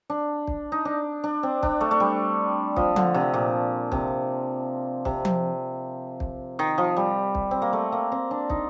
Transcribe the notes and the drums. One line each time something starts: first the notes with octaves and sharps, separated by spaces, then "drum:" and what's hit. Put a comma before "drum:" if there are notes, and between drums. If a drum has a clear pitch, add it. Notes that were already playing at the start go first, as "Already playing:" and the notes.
D4
drum: kick
D#4
D4
D4
C4
D4, drum: kick
A3
A3
G3
F3, drum: kick
D3, drum: tom F3
C3
A#2
C3, drum: kick
C3, drum: kick
drum: tom F3
drum: kick
D#3
F3
G3
drum: kick
C4
A#3
A3
A#3
C4
D4
D#4, drum: kick